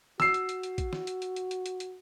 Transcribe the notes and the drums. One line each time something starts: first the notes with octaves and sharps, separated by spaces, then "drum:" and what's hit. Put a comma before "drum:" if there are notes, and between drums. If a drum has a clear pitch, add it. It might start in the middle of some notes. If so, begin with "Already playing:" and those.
F#4 E6 C7, drum: snare
drum: hi-hat
drum: hi-hat
drum: hi-hat
drum: kick A1, hi-hat
drum: snare
drum: hi-hat
drum: hi-hat
drum: hi-hat
drum: hi-hat
drum: hi-hat
drum: hi-hat